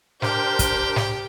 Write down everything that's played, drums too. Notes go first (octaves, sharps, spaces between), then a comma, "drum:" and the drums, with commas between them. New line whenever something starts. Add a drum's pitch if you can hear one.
D4 G4 A#4 C5 G5, drum: snare
drum: kick, hi-hat
drum: snare